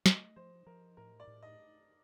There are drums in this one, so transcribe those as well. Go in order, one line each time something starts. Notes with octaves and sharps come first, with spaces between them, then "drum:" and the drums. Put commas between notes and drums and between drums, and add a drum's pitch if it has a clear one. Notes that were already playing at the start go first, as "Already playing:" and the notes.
A3 D#5, drum: snare
F3 C5
F3 A#4
A2 A#4
D5
A2
D#5